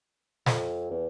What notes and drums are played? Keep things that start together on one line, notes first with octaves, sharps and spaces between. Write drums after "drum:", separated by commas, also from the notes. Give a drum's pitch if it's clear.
F2, drum: snare
E2